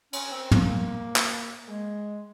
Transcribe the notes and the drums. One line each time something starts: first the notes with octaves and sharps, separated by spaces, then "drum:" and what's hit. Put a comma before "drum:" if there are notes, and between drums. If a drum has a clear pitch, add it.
C#4, drum: cymbal
C4
A#3, drum: tom
drum: clap
G#3